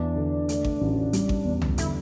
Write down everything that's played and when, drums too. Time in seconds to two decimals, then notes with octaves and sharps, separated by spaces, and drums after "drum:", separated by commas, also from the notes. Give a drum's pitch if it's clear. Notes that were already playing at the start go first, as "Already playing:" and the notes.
Already playing: E2 E3 D4
0.16 D3
0.49 A3, drum: hi-hat
0.65 drum: kick G#1
0.81 A1
1.13 G3, drum: hi-hat
1.29 drum: kick G#1
1.45 E2
1.62 drum: tom C2
1.78 D3 E4, drum: hi-hat